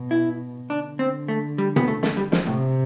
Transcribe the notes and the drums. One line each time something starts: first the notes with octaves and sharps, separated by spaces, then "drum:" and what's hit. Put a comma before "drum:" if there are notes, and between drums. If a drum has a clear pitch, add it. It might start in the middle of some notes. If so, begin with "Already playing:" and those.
Already playing: B2
E4
D3 D4
C4
A3
G3
B3, drum: tom
A3
A3, drum: snare
G3
F3, drum: snare
A2 C3